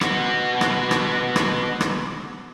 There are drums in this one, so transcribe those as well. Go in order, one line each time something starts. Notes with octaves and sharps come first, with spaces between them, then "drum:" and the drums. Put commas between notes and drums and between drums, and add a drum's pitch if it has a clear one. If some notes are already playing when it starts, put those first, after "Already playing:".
B3 F#4, drum: rim click
drum: rim click
drum: rim click
drum: rim click
drum: rim click